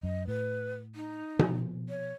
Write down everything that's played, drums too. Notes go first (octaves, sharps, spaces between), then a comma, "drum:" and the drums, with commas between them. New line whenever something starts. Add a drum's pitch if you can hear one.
F#2 D#5
A2 B4
D#4
B2 F3, drum: tom B2
C#5